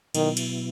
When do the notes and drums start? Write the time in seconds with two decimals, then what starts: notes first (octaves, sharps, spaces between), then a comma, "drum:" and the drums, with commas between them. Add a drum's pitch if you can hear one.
0.14 B2 D#3 F#3 B3 E4, drum: cymbal
0.37 drum: cymbal